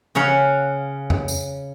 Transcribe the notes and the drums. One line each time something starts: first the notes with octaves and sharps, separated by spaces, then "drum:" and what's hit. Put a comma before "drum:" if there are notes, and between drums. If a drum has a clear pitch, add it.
C#3 C#4 F5 F#5
drum: tom E2
drum: tambourine